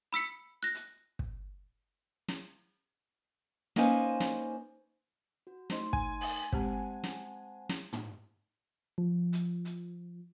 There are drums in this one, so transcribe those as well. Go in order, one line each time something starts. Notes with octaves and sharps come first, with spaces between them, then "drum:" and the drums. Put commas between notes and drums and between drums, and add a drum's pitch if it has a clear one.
B5 E6 B6 C#7
F#6 A#6
drum: hi-hat
drum: kick
drum: snare
A#3 C#4 D#4 B4 C5 G#5, drum: snare
drum: snare
F#4
A3 D#4 C5 D#5 C6, drum: snare
G#5, drum: kick
drum: open hi-hat
G#3 C4 G4 C5 F#5 A5, drum: kick
drum: snare
drum: snare
drum: tom
F3
drum: hi-hat
drum: hi-hat